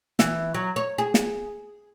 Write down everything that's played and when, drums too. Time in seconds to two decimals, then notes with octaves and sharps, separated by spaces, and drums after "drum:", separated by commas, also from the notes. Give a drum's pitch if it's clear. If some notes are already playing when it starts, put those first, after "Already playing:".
0.19 E3, drum: snare
0.54 F#3
0.76 C#5
0.98 G#4
1.14 drum: snare